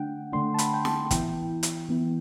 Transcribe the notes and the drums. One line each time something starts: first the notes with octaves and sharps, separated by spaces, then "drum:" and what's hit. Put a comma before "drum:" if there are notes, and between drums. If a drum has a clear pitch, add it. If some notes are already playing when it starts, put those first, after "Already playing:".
Already playing: D3 A3 D4 F#5 G5
D3 A3 D4 C6
A5
B5, drum: hi-hat
G5
A5, drum: snare
E3 B3 E4 G5, drum: kick, hi-hat
drum: hi-hat
E3 B3 E4